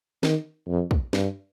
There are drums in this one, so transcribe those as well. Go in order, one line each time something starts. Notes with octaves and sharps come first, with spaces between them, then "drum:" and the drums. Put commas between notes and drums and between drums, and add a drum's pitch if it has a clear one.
D#3, drum: snare
F2
drum: kick
G2, drum: snare